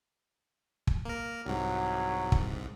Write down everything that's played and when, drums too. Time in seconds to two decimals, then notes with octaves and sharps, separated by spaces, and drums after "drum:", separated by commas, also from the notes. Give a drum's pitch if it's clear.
0.87 drum: kick
1.05 A#3 A#4
1.46 C2 G#2 F#3
2.32 drum: kick